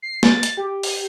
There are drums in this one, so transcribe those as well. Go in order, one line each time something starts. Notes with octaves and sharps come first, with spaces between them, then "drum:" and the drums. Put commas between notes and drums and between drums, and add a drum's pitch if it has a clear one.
C7
A6, drum: snare
drum: hi-hat
G4
drum: open hi-hat